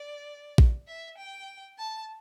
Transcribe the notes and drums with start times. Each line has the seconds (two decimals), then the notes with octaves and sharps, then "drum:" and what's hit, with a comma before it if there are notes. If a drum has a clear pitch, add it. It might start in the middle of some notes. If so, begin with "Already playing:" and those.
Already playing: D5
0.58 drum: kick A#1
0.87 E5
1.18 G5
1.78 A5